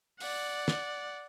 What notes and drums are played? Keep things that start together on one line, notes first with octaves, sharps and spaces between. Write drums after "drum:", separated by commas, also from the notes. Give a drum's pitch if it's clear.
D5 F#5, drum: open hi-hat
drum: snare